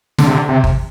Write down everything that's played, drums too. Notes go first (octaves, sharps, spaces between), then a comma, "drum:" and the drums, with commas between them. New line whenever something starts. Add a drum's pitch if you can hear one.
D3, drum: snare
C3
D3
C3
drum: kick G1